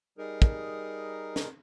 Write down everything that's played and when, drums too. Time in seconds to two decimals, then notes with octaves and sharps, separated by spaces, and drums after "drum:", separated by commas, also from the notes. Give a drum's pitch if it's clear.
0.18 G3 D#4 G#4 A#4
0.42 drum: kick
1.36 drum: snare